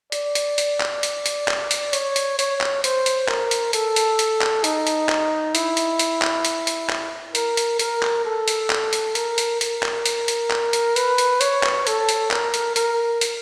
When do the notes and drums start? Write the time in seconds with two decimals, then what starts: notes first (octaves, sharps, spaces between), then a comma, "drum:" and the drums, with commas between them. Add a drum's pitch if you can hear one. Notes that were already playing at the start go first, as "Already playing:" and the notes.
0.12 D5, drum: hi-hat
0.35 drum: hi-hat
0.58 drum: hi-hat
0.81 drum: clap
1.03 drum: hi-hat
1.26 drum: hi-hat
1.48 drum: clap
1.71 drum: hi-hat
1.93 C#5, drum: hi-hat
2.16 drum: hi-hat
2.39 C#5, drum: hi-hat
2.61 drum: clap
2.84 C5, drum: hi-hat
3.06 drum: hi-hat
3.29 A#4, drum: clap
3.51 drum: hi-hat
3.73 A4, drum: hi-hat
3.96 drum: hi-hat
4.19 drum: hi-hat
4.42 drum: clap
4.64 D#4, drum: hi-hat
4.87 drum: hi-hat
5.09 drum: clap
5.55 E4, drum: hi-hat
5.77 drum: hi-hat
5.99 drum: hi-hat
6.22 drum: clap
6.45 drum: hi-hat
6.67 drum: hi-hat
6.90 drum: clap
7.35 A#4, drum: hi-hat
7.57 drum: hi-hat
7.79 A#4, drum: hi-hat
8.02 drum: clap
8.25 A4
8.48 drum: hi-hat
8.70 drum: clap
8.93 drum: hi-hat
9.15 A#4, drum: hi-hat
9.38 drum: hi-hat
9.61 A#4, drum: hi-hat
9.83 drum: clap
10.06 drum: hi-hat
10.28 drum: hi-hat
10.51 drum: clap
10.73 drum: hi-hat
10.96 B4, drum: hi-hat
11.18 drum: hi-hat
11.41 C#5, drum: hi-hat
11.63 drum: clap
11.87 A4, drum: hi-hat
12.09 drum: hi-hat
12.31 A#4, drum: clap
12.54 drum: hi-hat
12.76 A#4, drum: hi-hat
13.21 drum: hi-hat